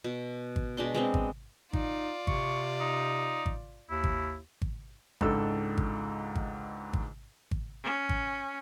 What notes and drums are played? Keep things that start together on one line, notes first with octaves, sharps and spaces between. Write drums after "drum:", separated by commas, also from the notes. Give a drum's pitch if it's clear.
B2
drum: kick G#1
B2 G#3 D4 C6
G#3 B3 C4
drum: kick G#1
D#4 F4 D5, drum: kick G#1
C3 C#6, drum: kick G#1
D#4
drum: kick G#1
D#2 E4
drum: kick G#1
drum: kick G#1
C#2 G#2 D4 A4 E6, drum: kick G#1
drum: kick G#1
drum: kick G#1
drum: kick G#1
drum: kick G#1
C#4
drum: kick G#1